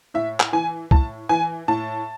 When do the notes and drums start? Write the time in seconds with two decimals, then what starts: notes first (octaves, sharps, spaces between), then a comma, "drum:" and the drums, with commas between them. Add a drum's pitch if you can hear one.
0.14 A2 E5
0.40 drum: clap
0.53 E3 G#5
0.91 A2 A5, drum: kick
1.29 E3 G#5
1.68 A2 A5